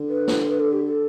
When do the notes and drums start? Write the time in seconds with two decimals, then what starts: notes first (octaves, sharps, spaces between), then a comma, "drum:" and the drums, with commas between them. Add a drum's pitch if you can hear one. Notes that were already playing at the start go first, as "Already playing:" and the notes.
Already playing: D3
0.09 B4
0.27 drum: snare
0.49 B4
0.60 A4
0.73 G4
0.85 A4